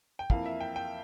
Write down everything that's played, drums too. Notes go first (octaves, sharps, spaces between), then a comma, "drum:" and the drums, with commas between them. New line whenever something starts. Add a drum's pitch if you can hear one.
G5
F2 E3 A#3 F5, drum: kick
E5
G5
G5